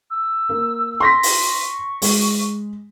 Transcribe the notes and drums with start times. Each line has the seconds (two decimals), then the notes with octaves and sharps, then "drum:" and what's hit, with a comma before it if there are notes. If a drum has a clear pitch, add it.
0.10 E6
0.49 A#3
1.00 C6 A#6 B6
1.23 drum: open hi-hat
1.45 C#6
2.02 G#3, drum: open hi-hat